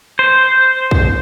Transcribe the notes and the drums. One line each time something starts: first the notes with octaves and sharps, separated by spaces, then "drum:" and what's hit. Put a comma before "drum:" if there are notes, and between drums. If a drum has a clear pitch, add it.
C5
drum: kick